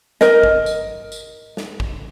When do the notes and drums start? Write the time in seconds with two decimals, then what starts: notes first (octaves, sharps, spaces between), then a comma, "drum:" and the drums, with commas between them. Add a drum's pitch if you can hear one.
0.21 A#4 D#5, drum: snare
0.43 drum: kick
0.66 drum: tambourine
1.12 drum: tambourine
1.57 drum: snare
1.80 drum: kick